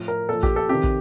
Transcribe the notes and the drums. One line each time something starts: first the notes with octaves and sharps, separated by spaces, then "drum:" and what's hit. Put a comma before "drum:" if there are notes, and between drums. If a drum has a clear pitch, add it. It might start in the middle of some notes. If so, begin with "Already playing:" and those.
Already playing: A2 F3
A#4
A#2 F3 A4
G4, drum: kick
A4
C3 D#3 G4
drum: kick